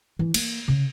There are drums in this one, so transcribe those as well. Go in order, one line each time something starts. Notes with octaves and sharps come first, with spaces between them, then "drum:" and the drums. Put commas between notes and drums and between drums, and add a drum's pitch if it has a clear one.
E3
A#3, drum: cymbal
C#3